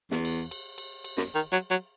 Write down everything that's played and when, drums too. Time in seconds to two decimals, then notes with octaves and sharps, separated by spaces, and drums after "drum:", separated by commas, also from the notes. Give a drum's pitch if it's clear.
0.11 E2, drum: snare
0.25 drum: cymbal
0.51 drum: cymbal
0.78 drum: cymbal
1.04 drum: cymbal
1.18 F#2, drum: snare
1.35 D#3
1.53 F#3
1.71 F#3